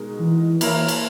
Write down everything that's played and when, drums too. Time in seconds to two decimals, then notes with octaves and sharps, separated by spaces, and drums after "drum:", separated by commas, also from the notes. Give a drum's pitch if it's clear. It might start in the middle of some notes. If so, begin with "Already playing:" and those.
Already playing: B2 G#3 D#4 A#4
0.19 E3
0.61 A#3 E4 A#4 C#5, drum: cymbal
0.88 drum: cymbal